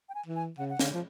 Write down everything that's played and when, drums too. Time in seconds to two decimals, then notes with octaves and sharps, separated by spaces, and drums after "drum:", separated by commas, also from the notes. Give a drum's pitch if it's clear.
0.09 G5
0.15 G#5
0.26 E3
0.36 G#5
0.58 C#3 F#5
0.70 F#5
0.79 D3 F5, drum: snare
0.94 F3